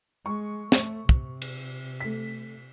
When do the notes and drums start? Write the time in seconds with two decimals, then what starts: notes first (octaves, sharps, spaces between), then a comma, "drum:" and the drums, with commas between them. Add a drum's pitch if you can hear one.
0.26 G#3 C#6
0.72 A3, drum: snare
1.09 C3, drum: kick
1.42 drum: cymbal
2.00 A3 B6